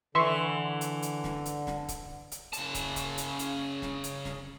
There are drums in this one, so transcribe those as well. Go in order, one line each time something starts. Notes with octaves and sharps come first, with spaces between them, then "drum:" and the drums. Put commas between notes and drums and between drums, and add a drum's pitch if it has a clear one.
D3 E3 E5 C6 C#6
drum: hi-hat
drum: hi-hat
drum: snare
drum: hi-hat
drum: snare
drum: kick, hi-hat
drum: hi-hat
C#3 A5, drum: hi-hat
drum: kick, hi-hat
drum: kick, hi-hat
drum: hi-hat
drum: hi-hat
drum: snare
drum: hi-hat
drum: snare